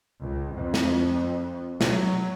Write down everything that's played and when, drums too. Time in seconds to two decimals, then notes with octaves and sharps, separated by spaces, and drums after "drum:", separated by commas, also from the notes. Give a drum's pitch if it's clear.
0.22 C#2
0.56 F2
0.74 drum: snare
1.81 F#3, drum: snare